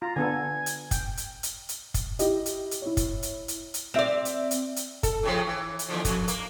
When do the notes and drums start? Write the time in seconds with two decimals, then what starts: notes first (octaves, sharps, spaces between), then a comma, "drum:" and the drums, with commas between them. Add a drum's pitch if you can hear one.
0.02 F4 A#5
0.16 D3 B3 A4 G#5
0.66 drum: hi-hat
0.91 G5, drum: kick, hi-hat
1.17 drum: hi-hat
1.43 drum: hi-hat
1.69 drum: hi-hat
1.94 drum: kick, hi-hat
2.19 E4 G4 D#5, drum: hi-hat
2.46 drum: hi-hat
2.71 drum: hi-hat
2.82 E4 C#5
2.97 drum: kick, hi-hat
3.23 drum: hi-hat
3.48 drum: hi-hat
3.74 drum: hi-hat
3.94 C4 D5 E5 F7
4.25 drum: hi-hat
4.51 drum: hi-hat
4.76 drum: hi-hat
5.03 A4, drum: kick, hi-hat
5.23 A2 C#3 F3
5.47 E3
5.79 drum: hi-hat
5.88 D#2 D3 F3
6.05 F2, drum: kick, hi-hat
6.28 A#3, drum: hi-hat